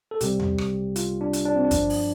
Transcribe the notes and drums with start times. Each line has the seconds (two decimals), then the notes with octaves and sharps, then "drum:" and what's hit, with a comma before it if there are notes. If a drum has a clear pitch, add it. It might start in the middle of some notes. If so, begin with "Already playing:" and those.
0.11 A4
0.21 C2 C3 G3 G4, drum: hi-hat
0.40 drum: tom E2
0.58 drum: rim click
0.96 F4, drum: hi-hat
1.21 D4
1.33 drum: hi-hat
1.45 D4
1.55 C4
1.65 D4
1.71 G2 F3, drum: kick, hi-hat
1.90 drum: open hi-hat